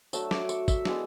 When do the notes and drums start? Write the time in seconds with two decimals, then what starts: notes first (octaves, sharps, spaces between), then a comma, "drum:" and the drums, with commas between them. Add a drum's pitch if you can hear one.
0.13 F#3 A3 D4 E6, drum: tambourine
0.31 D6, drum: snare
0.49 C#6, drum: tambourine
0.68 E5, drum: kick, tambourine
0.85 G#3 B3 E4 D5, drum: snare